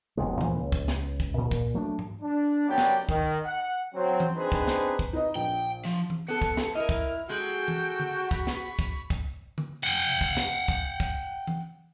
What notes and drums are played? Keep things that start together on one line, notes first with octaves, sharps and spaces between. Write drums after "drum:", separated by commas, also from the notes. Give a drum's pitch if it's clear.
F1 B1 C3 G#3
D2 A#2 E3 F3, drum: tom E3
C#2
drum: kick
drum: snare
drum: kick
A#2
drum: kick
F#3 A3 C#4 D4
drum: tom G#2
D4
F#2 F#3 B3 G4 D5 G5
drum: snare
D#3, drum: kick
F#5
F#3 C4
drum: tom E3
C4 D4 D#4 G#4 B4 C5
drum: kick
drum: snare
drum: kick
D#4 B4 D#5
A#1 G5
F3
drum: tom E3
B3 A4 C#7
drum: kick
drum: snare
E4 A#4 D#5 F6
drum: kick
G#3 F#4 G#4 A4 G5
drum: tom E3
drum: tom D3
B5 C#6, drum: kick
drum: snare
drum: kick
drum: kick
drum: tom D3
F#5 G5
drum: kick
drum: snare
drum: kick
drum: kick
drum: tom E3